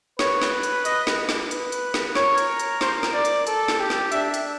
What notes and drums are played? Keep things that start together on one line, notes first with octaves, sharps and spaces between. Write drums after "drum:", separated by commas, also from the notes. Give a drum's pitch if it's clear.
B4 C#5, drum: snare
drum: snare
drum: hi-hat
D#5, drum: hi-hat
drum: snare
drum: snare
B4, drum: hi-hat
drum: hi-hat
drum: snare
A#4 C#5, drum: snare
drum: hi-hat
drum: hi-hat
C5, drum: snare
drum: snare
D5
drum: hi-hat
A4, drum: hi-hat
drum: snare
G4
drum: snare
D4 E5, drum: hi-hat
drum: hi-hat